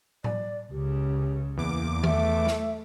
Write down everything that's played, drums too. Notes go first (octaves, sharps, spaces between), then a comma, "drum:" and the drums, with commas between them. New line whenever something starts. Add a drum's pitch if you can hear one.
D5, drum: tom A2
C#2 C#3 G4
E2 A#3 D6
A3 E5, drum: tom D#3
drum: snare